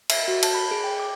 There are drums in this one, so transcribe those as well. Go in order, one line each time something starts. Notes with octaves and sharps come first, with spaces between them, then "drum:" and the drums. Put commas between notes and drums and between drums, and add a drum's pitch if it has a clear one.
E5, drum: cymbal
F#4
A5, drum: cymbal
B5
G#4
G5
D6